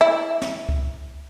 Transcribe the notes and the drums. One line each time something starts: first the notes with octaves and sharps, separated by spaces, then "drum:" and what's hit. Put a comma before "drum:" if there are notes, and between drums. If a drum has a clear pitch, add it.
E4
drum: snare
drum: kick C#2